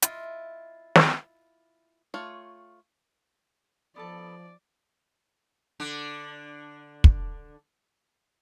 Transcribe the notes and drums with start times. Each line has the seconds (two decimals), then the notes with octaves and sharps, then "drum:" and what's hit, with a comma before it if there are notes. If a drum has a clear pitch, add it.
0.02 E4 F4 D#5, drum: hi-hat
0.96 drum: snare
2.14 A3 F4 C#5
3.96 F3 B3 A4 D5 A5
5.80 D3 D4
7.04 drum: kick